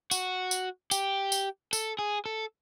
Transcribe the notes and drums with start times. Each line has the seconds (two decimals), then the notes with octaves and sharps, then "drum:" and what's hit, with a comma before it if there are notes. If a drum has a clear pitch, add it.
0.11 F#4, drum: tambourine
0.51 drum: tambourine
0.91 G4, drum: tambourine
1.32 drum: tambourine
1.73 A4, drum: tambourine
1.99 G#4
2.26 A4